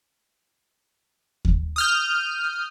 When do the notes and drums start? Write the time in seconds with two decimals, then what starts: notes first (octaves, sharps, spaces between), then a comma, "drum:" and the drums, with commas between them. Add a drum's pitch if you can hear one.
1.45 drum: kick D#2
1.76 D#6 F6 G6